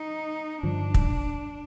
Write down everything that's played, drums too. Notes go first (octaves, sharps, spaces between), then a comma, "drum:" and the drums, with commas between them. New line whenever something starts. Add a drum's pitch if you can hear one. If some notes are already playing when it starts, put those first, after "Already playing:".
Already playing: D#4
G2 D3 F3 D4
drum: kick